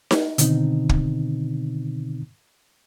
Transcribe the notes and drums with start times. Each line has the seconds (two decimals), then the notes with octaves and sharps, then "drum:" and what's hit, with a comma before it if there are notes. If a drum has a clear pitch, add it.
0.11 drum: snare D#4
0.38 B2 D3 D#3 C4 D#4, drum: hi-hat
0.89 drum: kick